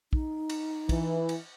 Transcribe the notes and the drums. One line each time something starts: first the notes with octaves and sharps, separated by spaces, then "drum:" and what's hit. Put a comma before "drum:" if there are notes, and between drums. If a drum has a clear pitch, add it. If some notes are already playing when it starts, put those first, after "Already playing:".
D#4, drum: kick
drum: cymbal
E3, drum: kick, cymbal
drum: cymbal